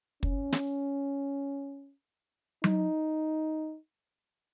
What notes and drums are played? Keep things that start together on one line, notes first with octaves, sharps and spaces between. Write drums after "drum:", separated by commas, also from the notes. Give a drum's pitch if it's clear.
C#4, drum: kick
drum: snare
D#4, drum: tom F#3